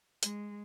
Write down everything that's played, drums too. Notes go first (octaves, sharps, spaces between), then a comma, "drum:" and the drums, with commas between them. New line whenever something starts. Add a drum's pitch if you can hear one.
G#3, drum: hi-hat